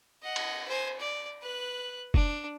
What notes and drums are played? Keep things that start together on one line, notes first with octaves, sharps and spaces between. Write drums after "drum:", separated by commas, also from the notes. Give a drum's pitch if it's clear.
D#5 F#5
drum: cymbal
C5 G#5
D5
B4 F#6
D4, drum: kick F1